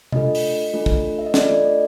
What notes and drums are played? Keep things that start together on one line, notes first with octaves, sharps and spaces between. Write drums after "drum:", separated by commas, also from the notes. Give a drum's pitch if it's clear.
A3 D4 F4 A4 D#5, drum: tom C3
drum: open hi-hat
A3 D4 F4 A4
drum: kick
E5
D#5
A3 D4 F4 A4 D5, drum: snare
D5
D#5